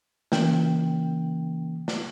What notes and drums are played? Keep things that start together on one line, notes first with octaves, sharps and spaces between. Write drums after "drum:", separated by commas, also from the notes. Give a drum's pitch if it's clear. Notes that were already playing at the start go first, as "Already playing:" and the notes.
C#3 E3 A#3 C#4 G5, drum: snare
drum: snare